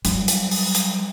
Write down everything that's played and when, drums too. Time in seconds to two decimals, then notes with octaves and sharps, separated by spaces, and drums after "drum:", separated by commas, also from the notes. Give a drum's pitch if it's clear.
0.05 F#3 G3, drum: hi-hat
0.28 drum: hi-hat
0.51 drum: open hi-hat
0.75 drum: hi-hat